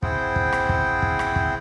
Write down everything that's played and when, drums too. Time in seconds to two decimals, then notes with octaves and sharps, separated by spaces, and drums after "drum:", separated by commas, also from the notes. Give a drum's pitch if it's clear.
0.03 C4 E4 G#4 C5 F#5 G5, drum: kick
0.36 drum: kick
0.53 drum: rim click
0.69 drum: kick
1.02 drum: kick
1.19 drum: rim click
1.36 drum: kick